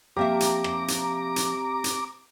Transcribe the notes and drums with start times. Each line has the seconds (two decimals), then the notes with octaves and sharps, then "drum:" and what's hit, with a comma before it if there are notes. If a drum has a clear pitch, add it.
0.17 C3 F3 A#3 G4 E5 A#5 D6
0.40 drum: hi-hat
0.64 drum: rim click
0.88 drum: hi-hat
1.36 drum: hi-hat
1.84 drum: hi-hat